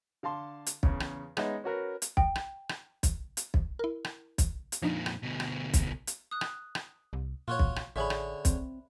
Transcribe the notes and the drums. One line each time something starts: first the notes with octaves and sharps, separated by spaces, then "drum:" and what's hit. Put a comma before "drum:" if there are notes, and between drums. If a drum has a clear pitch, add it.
D3 F5 A5 C6
drum: hi-hat
E2 C#3, drum: kick
drum: rim click
G#3 B3 C#4 D#4 E5 F#5, drum: rim click
C#4 F#4 A#4 B4
drum: hi-hat
G5, drum: kick
drum: rim click
drum: rim click
drum: kick, hi-hat
drum: hi-hat
drum: kick
E4 A#4
drum: rim click
drum: kick, hi-hat
drum: hi-hat
F2 A#2 F3 D4 D#4
drum: rim click
D2 B2
drum: rim click
drum: kick, hi-hat
drum: hi-hat
D#6 F#6
drum: rim click
drum: rim click
C2
A#2 F4 F#4 C#5
drum: kick
drum: rim click
A1 D3 C#4 G#4 E5 B5
drum: rim click
C4, drum: kick, hi-hat